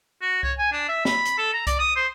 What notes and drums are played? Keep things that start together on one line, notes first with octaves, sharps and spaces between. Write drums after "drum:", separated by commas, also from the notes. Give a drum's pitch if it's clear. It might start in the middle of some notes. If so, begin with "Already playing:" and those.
F#4
C#5, drum: kick C2
G#5
D4
E5
B5, drum: snare
drum: hi-hat
A4
A#5
D5, drum: kick C2, hi-hat
D#6
C5